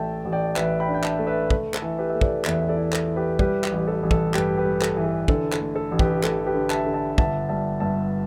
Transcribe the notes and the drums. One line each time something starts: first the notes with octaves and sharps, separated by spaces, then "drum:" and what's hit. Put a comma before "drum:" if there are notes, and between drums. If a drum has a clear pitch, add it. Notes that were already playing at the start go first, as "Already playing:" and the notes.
Already playing: A1 A3 D5 E5 G5 A5
A1
D5 G5
A1 B4 E5, drum: clap
G5 B5
D4
G5
E5 A5, drum: clap
A3
B4 E5
A3, drum: kick
A4, drum: clap
E3
G4 B4
A3 E5
A4 D5, drum: kick
E2 B4 E5, drum: clap
E5
A4 D5
E4
A4, drum: clap
E4
G4 B4
G3 G4 B4, drum: kick
G4, drum: clap
A1
A4
A1
A4, drum: kick
G2 G4 B4, drum: clap
G4 B4
G3
A4, drum: clap
E3
A4
D3 A4, drum: kick
A4, drum: clap
A3
A4
A1
G4 B4, drum: kick
A1 A4, drum: clap
G4 B4
D3
E5 A5, drum: clap
D3
E5 A5
G1 E5 A5, drum: kick
G3 E5 A5
G2 E5 A5